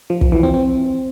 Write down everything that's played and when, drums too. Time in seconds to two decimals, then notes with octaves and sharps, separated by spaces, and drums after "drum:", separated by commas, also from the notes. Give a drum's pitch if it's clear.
0.10 F3
0.21 F3, drum: kick
0.32 E3
0.43 C4
0.54 C4